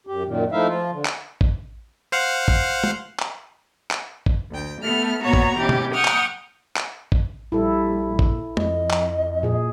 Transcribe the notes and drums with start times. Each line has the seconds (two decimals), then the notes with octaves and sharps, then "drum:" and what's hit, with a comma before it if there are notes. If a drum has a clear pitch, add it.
0.07 F#2 G4
0.26 F#2 A#2 D#3
0.52 F3 A3 D#4 E4 E5 F5
0.68 F3 F4
0.91 D3
1.05 drum: clap
1.41 drum: kick A1
2.12 C5 F5 F#5
2.48 drum: kick A1
2.84 drum: tom
3.19 drum: clap
3.91 drum: clap
4.26 drum: kick A1
4.51 D2 G5
4.81 A3 B3 F6
5.23 A#2 B3 F#4 C#5 A#5
5.33 drum: kick A1
5.58 B2 E3 C#4 G4
5.69 drum: tom B2
5.93 F#5 G5 C#6 D#6 F6
6.05 drum: clap
6.76 drum: clap
7.12 drum: kick A1
7.52 A#1 G3 E4 A4
8.19 drum: kick A1
8.57 F2 D#5, drum: tom
8.90 drum: clap
9.43 A#2 G#4